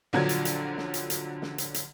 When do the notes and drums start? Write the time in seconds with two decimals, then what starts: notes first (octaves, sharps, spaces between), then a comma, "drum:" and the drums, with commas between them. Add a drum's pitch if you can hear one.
0.13 A#1 D3 F3 F#3 G#6
0.29 drum: hi-hat
0.45 drum: hi-hat
0.77 drum: snare
0.94 drum: hi-hat
1.10 drum: hi-hat
1.42 drum: snare
1.58 drum: hi-hat
1.74 drum: hi-hat